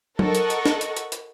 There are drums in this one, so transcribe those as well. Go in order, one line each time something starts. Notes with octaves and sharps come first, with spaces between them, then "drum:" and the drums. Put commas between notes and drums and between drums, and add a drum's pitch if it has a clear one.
A4 A#4 D#5 F#5 C#6, drum: tom F#3
drum: hi-hat
drum: hi-hat
drum: snare
drum: hi-hat
drum: hi-hat
drum: hi-hat